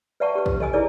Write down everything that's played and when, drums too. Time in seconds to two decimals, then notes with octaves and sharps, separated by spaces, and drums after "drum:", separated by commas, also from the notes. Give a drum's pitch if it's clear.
0.20 B4 D5 E5 F#5 A5 C#6
0.35 G4 B4
0.46 drum: kick
0.60 A4 D#5 G#5 D#6, drum: tom B2
0.73 E4 G#4 A4 B4 D5